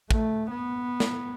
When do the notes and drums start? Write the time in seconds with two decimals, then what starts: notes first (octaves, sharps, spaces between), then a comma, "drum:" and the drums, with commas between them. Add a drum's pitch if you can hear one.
0.11 A3, drum: kick
0.51 B3
1.00 drum: snare